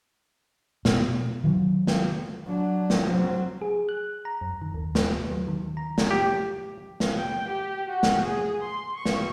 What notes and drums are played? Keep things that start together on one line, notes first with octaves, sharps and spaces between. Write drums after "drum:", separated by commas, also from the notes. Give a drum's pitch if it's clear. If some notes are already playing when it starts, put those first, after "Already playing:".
B2, drum: snare
D#3 F#3
drum: snare
F#3 D4
drum: snare
F#3 C4
G#4
F#6
A#5
F#2
D#3
D#2
B4, drum: snare
D#2
F#3
D#3
A#5
drum: snare
G4
drum: snare
G5
G4
F#4
drum: snare
G#4
C6
C#6
drum: snare